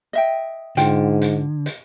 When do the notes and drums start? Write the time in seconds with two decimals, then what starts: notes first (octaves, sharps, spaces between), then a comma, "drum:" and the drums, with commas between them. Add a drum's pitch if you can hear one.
0.13 D#5 E5 G5
0.77 G#2 D3 F4 F#5 G5, drum: hi-hat
1.22 drum: hi-hat
1.66 drum: hi-hat